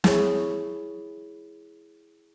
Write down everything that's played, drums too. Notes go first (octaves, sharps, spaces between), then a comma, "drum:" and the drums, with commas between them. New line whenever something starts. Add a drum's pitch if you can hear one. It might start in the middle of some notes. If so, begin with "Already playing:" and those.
E4 G#4 C#5, drum: snare